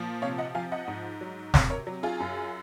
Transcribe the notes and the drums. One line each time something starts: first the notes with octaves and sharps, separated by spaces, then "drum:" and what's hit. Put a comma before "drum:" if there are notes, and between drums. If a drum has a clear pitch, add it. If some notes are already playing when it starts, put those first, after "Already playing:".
Already playing: A#2 F3
C3 C#5 F5
D#5 F#5
F3 F5 G#5
D#5 F#5
G#2
F#3
C3 C#5 F5, drum: snare
A#4 C#5
F#3
F4 G#4
F#2